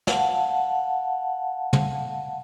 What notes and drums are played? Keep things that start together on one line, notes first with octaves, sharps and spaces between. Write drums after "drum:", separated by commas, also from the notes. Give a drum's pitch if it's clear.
F5 F#5 A5, drum: snare
drum: tom